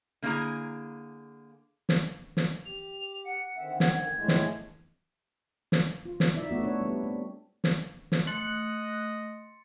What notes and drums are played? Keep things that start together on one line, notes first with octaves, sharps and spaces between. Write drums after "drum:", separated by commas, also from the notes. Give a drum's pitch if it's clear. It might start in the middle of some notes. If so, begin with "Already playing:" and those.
D3 A#3 D4 E4 G#4 A#5
drum: snare
drum: snare
G4 F7
F#5 C#7
D3 D#3 C4 E5
G#6, drum: snare
A2 G#3 A3
drum: snare
drum: snare
F4
drum: snare
D#4 E4 D5 E5
A3 B3 F#4
D4 B4 C#5
G3 B3
C4
drum: snare
drum: snare
A3 D#5 C6 F#6 A6 C#7